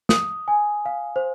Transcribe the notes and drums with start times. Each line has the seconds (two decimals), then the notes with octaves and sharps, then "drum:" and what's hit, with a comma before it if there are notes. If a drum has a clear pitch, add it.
0.09 D#6, drum: snare
0.48 G#5
0.86 F5
1.16 C5